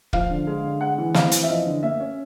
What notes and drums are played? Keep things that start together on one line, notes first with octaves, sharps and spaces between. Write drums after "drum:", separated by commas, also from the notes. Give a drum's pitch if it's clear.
F3 F5, drum: kick
D3
G#3
D3
G#3 F#5
E3
C4 F5, drum: snare
E3, drum: hi-hat
E5
F3 D#5
D3
A#3 E5
C#4